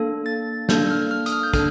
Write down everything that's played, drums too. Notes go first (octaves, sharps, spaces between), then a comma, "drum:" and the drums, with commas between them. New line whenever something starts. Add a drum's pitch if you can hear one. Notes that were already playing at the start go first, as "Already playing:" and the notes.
Already playing: A#3 D4 A4
A6
A#3 D4 A4 G6, drum: snare
F6
F6
D#6, drum: hi-hat
F6
G6
D4 A4 F6, drum: kick, hi-hat